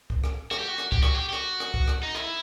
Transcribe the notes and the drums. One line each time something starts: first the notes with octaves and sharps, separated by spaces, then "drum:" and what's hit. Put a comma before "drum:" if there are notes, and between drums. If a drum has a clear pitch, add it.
drum: kick C2
drum: rim click
F#4, drum: rim click
G4
F#4
drum: rim click
G4, drum: kick C2
F#4, drum: rim click
G4
G4
F#4, drum: rim click
drum: rim click
drum: kick C2
drum: rim click
D#4
E4, drum: rim click